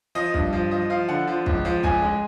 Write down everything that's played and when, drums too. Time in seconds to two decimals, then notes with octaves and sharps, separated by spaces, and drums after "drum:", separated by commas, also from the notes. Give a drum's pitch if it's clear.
0.15 F3 D#5
0.34 G2, drum: kick
0.53 F3
0.71 F3 D#5
0.90 F3 F5
1.09 D3 F#5
1.27 F3
1.46 C#2, drum: kick
1.65 F3
1.83 C#2 G#5, drum: kick
2.02 G#3